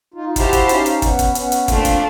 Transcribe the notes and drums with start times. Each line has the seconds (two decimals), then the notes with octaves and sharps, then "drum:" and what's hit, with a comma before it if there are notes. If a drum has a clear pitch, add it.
0.14 D#4 F4
0.29 F4
0.36 E4 F#4 G4 C5 F5 A5, drum: kick, hi-hat
0.53 drum: kick, hi-hat
0.69 C#4 D#4, drum: hi-hat
0.86 drum: hi-hat
1.02 B3 C#4, drum: kick, hi-hat
1.19 drum: kick, hi-hat
1.35 B3 C#4, drum: hi-hat
1.52 drum: hi-hat
1.68 A3 A#3 C4 D4 F4, drum: kick, hi-hat
1.85 drum: kick, hi-hat